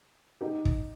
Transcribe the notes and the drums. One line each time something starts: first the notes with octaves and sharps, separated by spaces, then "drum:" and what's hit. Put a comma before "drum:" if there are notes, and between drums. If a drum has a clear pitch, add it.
D#4 G4
drum: kick